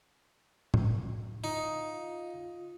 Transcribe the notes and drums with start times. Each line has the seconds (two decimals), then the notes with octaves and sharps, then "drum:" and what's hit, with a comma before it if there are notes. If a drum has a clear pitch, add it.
0.74 drum: tom A2
1.44 D#4 F4